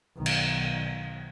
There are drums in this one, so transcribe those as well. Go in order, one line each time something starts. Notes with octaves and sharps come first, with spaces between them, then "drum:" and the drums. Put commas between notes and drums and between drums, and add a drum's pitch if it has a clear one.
B1 D#3
drum: cymbal